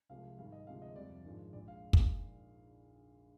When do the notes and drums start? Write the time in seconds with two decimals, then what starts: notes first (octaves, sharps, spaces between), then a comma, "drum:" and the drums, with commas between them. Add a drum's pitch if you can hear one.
0.09 C2 C3 F3 G#3 F5
0.39 G#1 G#2 G3 F5
0.52 D#5
0.67 D2 C3 F3 G#3 F5
0.82 D#5
0.96 F2 C3 G3 D5
1.24 G#1 G2 F3 G#3
1.53 A#1 A#2 G#3 D5
1.68 F5
1.93 drum: kick